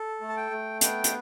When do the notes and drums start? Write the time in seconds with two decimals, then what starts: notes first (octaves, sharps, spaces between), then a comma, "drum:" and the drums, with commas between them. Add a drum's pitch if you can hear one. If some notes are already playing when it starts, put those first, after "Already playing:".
Already playing: A4
0.21 A3
0.29 A5
0.36 G5
0.51 A3
0.81 B3 G5, drum: hi-hat
1.04 drum: hi-hat